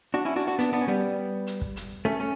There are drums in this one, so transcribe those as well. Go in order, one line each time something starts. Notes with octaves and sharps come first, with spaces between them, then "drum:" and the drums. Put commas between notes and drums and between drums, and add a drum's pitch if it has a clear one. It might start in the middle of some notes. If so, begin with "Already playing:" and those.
D4 F#4
C#4 E4
D4 F#4
D4 F#4
B3 D4, drum: hi-hat
B3 D4
C#4
G3 B3
drum: hi-hat
drum: kick
drum: hi-hat
A3 C#4
C#4